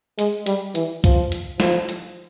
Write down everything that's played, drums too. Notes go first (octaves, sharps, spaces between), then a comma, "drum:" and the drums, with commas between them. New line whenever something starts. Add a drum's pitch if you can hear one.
G#3, drum: hi-hat
G3, drum: hi-hat
E3, drum: hi-hat
F3, drum: kick C#2, hi-hat
drum: hi-hat
F3, drum: snare
drum: hi-hat